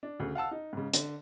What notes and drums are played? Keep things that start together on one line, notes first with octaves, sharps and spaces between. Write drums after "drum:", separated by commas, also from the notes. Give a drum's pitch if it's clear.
D4
D2 C#3
F5 F#5 A5 E6
D#4
G#2 C#3
D3, drum: hi-hat